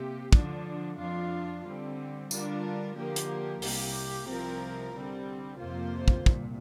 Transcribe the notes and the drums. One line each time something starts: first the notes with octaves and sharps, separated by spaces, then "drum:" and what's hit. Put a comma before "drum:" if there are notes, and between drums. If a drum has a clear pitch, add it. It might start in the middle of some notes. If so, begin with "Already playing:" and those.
Already playing: C3 A#3 G4
D3 F3 D4, drum: kick
F2 F3 D4 F4
D3 G3 C4
D3 G3 D4 F4 A#4, drum: tambourine
D3 F3 A#3 G4 A#4
drum: hi-hat
C2 C3 A#3 G4, drum: open hi-hat
C2 C3 F3 C4 A#4
D3 G3 C4
F2 C3 A#3 F4 C5
drum: kick
C2 A#2, drum: kick